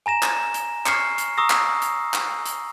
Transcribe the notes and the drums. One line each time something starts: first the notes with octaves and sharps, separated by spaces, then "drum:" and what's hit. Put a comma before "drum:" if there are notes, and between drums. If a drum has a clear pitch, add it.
G#5 A#5 A#6 E7
drum: clap
drum: hi-hat
C#6 F6 C7 C#7, drum: clap
drum: hi-hat
A#5 C#6 D#6 E6 A#6
drum: clap
drum: hi-hat
drum: clap
drum: hi-hat